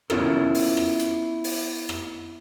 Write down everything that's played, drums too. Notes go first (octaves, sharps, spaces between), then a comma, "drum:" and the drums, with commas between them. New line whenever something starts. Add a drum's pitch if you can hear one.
B3 C#4 E4 F4 A4 A#4, drum: rim click
drum: open hi-hat
drum: rim click
drum: hi-hat
drum: open hi-hat
drum: rim click